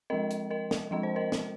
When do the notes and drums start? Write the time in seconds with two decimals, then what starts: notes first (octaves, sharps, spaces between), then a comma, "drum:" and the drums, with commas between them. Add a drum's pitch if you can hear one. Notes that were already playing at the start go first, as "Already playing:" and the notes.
0.10 F3 G#3 C4 A#4 D#5
0.30 drum: hi-hat
0.51 A#4 D#5
0.71 drum: snare
0.91 F3 G#3 C4 D#5
1.03 C5
1.16 A#4 D#5
1.32 drum: snare